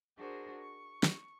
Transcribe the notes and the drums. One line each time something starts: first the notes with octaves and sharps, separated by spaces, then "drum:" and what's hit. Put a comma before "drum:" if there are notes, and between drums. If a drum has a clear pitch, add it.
D4 F#4 G#4 A#4 C5
C#6
drum: snare